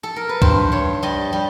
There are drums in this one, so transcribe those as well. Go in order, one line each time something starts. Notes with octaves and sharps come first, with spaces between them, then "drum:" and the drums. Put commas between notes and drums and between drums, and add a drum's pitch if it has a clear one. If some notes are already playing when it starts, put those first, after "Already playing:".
A4
A#4
B4
G2 C5, drum: kick
G2 C#5
G3 D#5
G3